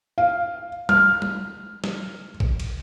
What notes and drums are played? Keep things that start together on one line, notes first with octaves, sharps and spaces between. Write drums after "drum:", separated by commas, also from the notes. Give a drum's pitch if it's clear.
F5
F6, drum: tom
drum: tom
drum: snare
drum: kick A1
drum: cymbal